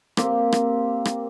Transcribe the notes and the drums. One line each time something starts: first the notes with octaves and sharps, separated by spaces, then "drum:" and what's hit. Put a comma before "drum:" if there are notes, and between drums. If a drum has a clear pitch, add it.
A#3 C4 G4, drum: rim click
drum: rim click
drum: rim click